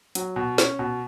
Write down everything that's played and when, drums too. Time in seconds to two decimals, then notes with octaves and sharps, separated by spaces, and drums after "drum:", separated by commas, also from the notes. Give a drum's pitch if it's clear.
0.15 F#3, drum: hi-hat
0.36 B2
0.58 C#4, drum: snare
0.79 B2